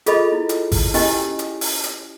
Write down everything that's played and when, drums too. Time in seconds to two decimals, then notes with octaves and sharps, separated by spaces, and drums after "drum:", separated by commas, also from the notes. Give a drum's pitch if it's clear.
0.06 F4 G#4 A4 D#5 B5, drum: hi-hat
0.32 E4
0.49 drum: hi-hat
0.72 drum: kick G#1, open hi-hat
0.94 C#4 E4 G4 D#5 G5 G#5, drum: open hi-hat
1.39 drum: hi-hat
1.61 drum: open hi-hat
1.84 drum: hi-hat